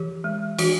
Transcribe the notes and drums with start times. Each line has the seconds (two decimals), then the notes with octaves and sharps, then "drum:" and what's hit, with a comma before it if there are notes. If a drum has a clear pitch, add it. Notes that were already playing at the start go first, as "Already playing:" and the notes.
Already playing: E3 G4
0.24 G#3
0.58 E3 F#4, drum: cymbal